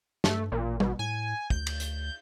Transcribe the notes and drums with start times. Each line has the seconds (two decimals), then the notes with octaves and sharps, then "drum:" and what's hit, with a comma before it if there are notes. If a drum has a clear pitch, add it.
0.24 G2 A3, drum: snare
0.52 A1 A#2
0.80 B2, drum: tom
0.99 A2 G#5
1.50 D2 G6, drum: kick
1.67 drum: cymbal
1.80 drum: hi-hat